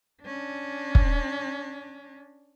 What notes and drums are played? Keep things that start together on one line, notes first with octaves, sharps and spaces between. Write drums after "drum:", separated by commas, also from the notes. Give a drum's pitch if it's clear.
C#4 D4
drum: kick